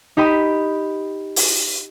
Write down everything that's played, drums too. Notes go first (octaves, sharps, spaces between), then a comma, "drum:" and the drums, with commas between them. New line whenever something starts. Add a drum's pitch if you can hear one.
D#4 G4 B5 D#6
drum: open hi-hat